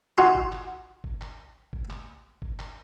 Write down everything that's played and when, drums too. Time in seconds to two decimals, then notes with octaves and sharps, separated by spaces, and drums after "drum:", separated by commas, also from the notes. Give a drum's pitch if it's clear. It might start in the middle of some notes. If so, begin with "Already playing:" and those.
0.18 D#4 F4 F#4 G#5 C6
0.35 drum: kick G1
0.52 drum: clap
1.04 drum: kick G1
1.21 drum: clap
1.73 drum: kick G1
1.90 drum: clap
2.42 drum: kick G1
2.59 drum: clap